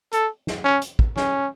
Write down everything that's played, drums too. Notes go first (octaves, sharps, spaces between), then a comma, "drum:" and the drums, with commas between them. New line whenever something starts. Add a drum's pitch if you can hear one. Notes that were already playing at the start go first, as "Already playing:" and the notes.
A4, drum: hi-hat
drum: snare
C#4
drum: hi-hat
drum: kick
C#4, drum: snare